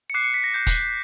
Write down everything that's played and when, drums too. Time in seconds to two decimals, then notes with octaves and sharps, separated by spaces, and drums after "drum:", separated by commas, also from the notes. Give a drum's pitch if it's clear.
0.10 C#7
0.14 D6 F#6 C7
0.24 C#7
0.34 B6
0.44 A#6
0.54 D6 G6
0.67 drum: kick, hi-hat